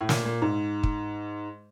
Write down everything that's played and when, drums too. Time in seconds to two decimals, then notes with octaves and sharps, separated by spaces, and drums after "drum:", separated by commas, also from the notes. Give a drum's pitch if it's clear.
0.01 A2
0.09 A#2, drum: snare
0.25 A#2
0.42 G#2
0.83 drum: kick